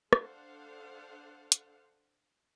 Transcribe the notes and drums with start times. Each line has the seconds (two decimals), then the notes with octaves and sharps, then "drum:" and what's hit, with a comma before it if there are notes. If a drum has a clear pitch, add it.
0.13 D4 A4 C5 F5 F#5, drum: rim click
1.52 drum: hi-hat